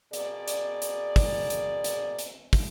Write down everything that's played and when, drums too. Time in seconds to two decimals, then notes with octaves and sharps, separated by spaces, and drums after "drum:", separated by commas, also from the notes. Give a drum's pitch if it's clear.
0.13 B2 G#4 A#4 D5, drum: hi-hat
0.48 drum: hi-hat
0.82 drum: hi-hat
1.16 drum: kick, open hi-hat
1.50 drum: hi-hat
1.84 drum: hi-hat
2.19 drum: hi-hat
2.53 drum: kick, open hi-hat